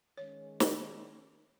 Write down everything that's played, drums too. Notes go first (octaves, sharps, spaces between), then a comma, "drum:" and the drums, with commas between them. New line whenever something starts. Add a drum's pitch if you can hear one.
D#3 G#3 C#4 C#5
drum: snare